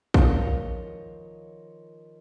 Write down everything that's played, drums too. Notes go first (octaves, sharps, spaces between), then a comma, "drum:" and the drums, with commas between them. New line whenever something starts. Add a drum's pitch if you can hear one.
D#3 F3 C#5 D#5, drum: kick